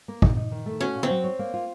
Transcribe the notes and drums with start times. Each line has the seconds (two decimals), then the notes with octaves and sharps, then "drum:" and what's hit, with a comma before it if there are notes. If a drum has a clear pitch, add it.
0.08 A#3
0.22 D#4, drum: kick
0.37 D#4
0.52 D#3
0.66 A3
0.80 C#4 F#4
0.95 A#2
1.03 C4
1.10 F#3
1.24 C#5
1.39 A#3
1.54 F4